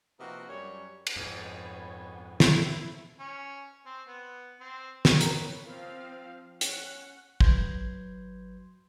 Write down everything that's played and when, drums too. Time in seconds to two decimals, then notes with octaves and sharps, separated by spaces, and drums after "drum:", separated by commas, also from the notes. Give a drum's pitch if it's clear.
0.20 C3 F3 A#3 B3 D#4 F#4
0.49 F#2 G3 C#5
1.07 drum: cymbal
1.16 F2 G#2 B3 C#5
2.40 E4, drum: snare
3.19 C#4
3.86 C4
4.07 B3
4.61 C4
5.05 drum: snare
5.21 A#4 B4 C#5 G5 A#5, drum: hi-hat
5.67 F3 C4 F5
6.61 C#4 F#5 G5, drum: hi-hat
7.40 G#1 F#3 B4 C6 G6 G#6, drum: kick